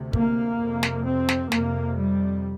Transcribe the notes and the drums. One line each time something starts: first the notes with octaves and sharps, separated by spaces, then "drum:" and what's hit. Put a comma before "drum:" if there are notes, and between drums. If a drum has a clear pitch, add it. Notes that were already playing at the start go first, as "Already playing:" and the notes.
Already playing: D2 C3
A#3, drum: kick
F2 C3
drum: snare
C4
drum: snare
F2 C3 A#3, drum: snare
G3